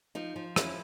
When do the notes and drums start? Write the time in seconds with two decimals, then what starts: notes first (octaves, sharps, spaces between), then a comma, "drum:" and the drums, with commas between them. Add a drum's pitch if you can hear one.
0.15 F3 D#4
0.36 F3
0.56 C#4 E4, drum: rim click